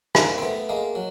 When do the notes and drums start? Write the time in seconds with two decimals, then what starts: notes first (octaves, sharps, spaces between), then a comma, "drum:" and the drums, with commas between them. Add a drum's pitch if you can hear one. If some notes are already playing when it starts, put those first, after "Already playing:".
0.15 A#3 C4, drum: rim click
0.38 C4
0.42 A3 B3
0.69 G#3 A#3
0.95 F#3